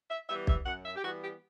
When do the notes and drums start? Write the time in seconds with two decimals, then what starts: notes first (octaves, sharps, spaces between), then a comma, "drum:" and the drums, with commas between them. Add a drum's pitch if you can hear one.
0.10 E5
0.29 E3 G3 B3 E5
0.47 E5, drum: kick B1
0.66 F#2 F#5
0.85 E5
0.96 G4
1.04 E3 G3 B3 F#4
1.22 G4